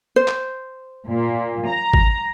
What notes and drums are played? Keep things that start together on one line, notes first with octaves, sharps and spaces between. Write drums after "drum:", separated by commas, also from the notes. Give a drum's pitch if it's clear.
C5
drum: clap
A#2
A#5
drum: kick G#1